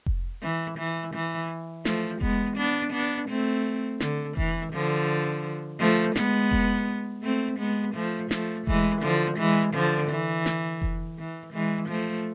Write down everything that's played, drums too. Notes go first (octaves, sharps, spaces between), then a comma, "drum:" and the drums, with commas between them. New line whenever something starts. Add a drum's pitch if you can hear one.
drum: kick F1
E3
E3
E3
F3 A3, drum: snare
G#3 B3, drum: kick F1
B3 D4
B3 D4
A3 C4
D3, drum: snare
E3, drum: kick F1
D3 F3
F3 A3
G#3 B3, drum: snare
drum: kick F1
A3 C4
G#3 B3
F3 A3
F3 A3, drum: snare
E3 G#3, drum: kick F1
D3 F3
E3 G#3
D3 F3
E3
drum: snare
drum: kick F1
E3
E3 G#3
F3 A3